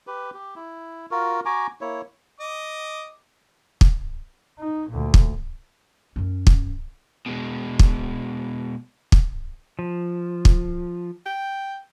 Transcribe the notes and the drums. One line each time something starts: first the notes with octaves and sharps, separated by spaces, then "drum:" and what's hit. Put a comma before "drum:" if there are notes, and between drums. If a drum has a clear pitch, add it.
G4 B4
G4
E4
F4 F#4 A#4
F#4 G#5 A#5 D6
A#3 E4 C#5
D#5 D6
drum: kick
D#4
D2 A#2
drum: kick
F#2 C#4
drum: kick
B2 G#3
drum: kick
drum: kick
F3
drum: kick
G5